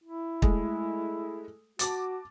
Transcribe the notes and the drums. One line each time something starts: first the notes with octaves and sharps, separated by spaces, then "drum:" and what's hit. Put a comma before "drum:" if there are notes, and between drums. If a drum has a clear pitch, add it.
E4
G#3 A3, drum: kick
F#4 A5 D6 A6, drum: hi-hat